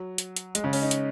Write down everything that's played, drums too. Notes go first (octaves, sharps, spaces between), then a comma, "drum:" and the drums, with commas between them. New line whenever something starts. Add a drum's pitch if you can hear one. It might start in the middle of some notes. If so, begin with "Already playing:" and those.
Already playing: F#3
drum: hi-hat
drum: hi-hat
G#3, drum: hi-hat
C#3
C#4, drum: open hi-hat
D#4
drum: hi-hat